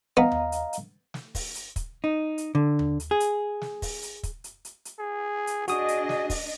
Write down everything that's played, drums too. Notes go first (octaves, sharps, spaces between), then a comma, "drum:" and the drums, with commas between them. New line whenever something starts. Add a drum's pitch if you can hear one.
B3 D#5 F5 A#5
drum: tom D#2
drum: hi-hat
drum: hi-hat
drum: snare
drum: kick, open hi-hat
drum: hi-hat
drum: kick, hi-hat
D#4
drum: hi-hat
D3
drum: tom D#2
drum: hi-hat
G#4
drum: hi-hat
drum: snare
drum: kick, open hi-hat
drum: hi-hat
drum: kick, hi-hat
drum: hi-hat
drum: hi-hat
drum: hi-hat
G#4
drum: hi-hat
D4 F#4 G#4 D#5 D#6, drum: hi-hat
drum: hi-hat
drum: snare
drum: kick, open hi-hat